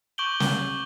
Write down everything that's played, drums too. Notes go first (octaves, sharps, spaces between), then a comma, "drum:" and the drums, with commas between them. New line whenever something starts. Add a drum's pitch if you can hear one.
C#6 D6 G6 D7 F#7 G7
drum: snare